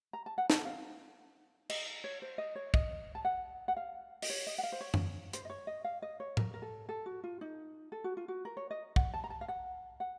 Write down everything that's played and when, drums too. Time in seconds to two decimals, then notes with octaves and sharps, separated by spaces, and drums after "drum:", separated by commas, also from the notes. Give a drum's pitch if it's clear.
0.13 A#5
0.26 A5
0.38 F#5
0.50 A5, drum: snare
0.65 F5
1.70 D#5, drum: cymbal
2.04 C#5
2.22 C5
2.38 D#5
2.55 C#5
2.74 D#5, drum: kick
3.15 A5
3.25 F#5
3.68 F#5
3.77 F5
4.22 D#5, drum: open hi-hat
4.30 C#5
4.47 D#5
4.58 F#5
4.63 F5
4.72 C5
4.81 C#5
4.94 drum: tom
5.33 C5, drum: hi-hat
5.45 D#5
5.50 C#5
5.67 D#5
5.84 F5
6.02 D#5
6.20 C#5
6.37 A#4, drum: tom
6.54 A#4
6.62 A4
6.89 A4
7.06 F#4
7.24 F4
7.41 D#4
7.92 A4
8.04 F#4
8.17 F4
8.28 F#4
8.45 A#4
8.57 C#5
8.71 D#5
8.96 F#5, drum: kick
9.14 A5
9.24 A#5
9.30 A5
9.41 F5
9.48 F#5
10.00 F#5